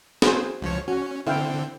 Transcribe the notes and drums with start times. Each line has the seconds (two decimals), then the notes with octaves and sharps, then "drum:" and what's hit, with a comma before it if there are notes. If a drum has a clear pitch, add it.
0.22 F#4 G#4 C5, drum: snare
0.61 C#2 F3 C#5
0.88 C#4 F#4
1.26 D3 C4 E4 F5 G5